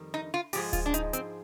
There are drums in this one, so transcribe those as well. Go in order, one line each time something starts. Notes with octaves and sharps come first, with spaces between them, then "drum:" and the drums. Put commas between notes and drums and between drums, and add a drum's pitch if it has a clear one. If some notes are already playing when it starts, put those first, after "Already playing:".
Already playing: F2 D#3 G3
D#4
F4
G#2 F3 G#3 G4, drum: open hi-hat
F4, drum: kick D1, hi-hat
D4
D#4, drum: hi-hat
C4, drum: hi-hat